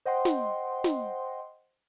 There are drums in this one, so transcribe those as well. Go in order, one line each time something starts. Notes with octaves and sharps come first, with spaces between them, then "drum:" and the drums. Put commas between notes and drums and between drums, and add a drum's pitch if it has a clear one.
C5 D#5 F#5 G5 C6
drum: snare
drum: snare